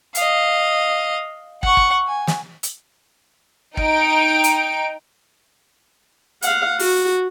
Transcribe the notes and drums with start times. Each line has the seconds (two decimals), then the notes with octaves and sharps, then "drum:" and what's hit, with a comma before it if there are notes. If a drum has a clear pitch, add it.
0.15 D#5 F5, drum: hi-hat
1.63 F#5 C#6, drum: kick
1.77 drum: kick
2.07 G#5
2.27 drum: snare
2.63 drum: hi-hat
3.77 D#4 G5 D7, drum: kick
4.44 drum: hi-hat
6.42 F5 F#5, drum: hi-hat
6.79 F#4, drum: open hi-hat